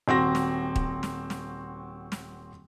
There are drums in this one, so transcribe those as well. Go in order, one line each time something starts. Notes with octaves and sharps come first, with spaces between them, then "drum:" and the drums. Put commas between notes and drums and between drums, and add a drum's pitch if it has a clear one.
D#1 C4 F#4 A#6
drum: snare
drum: kick
drum: snare
drum: snare
drum: snare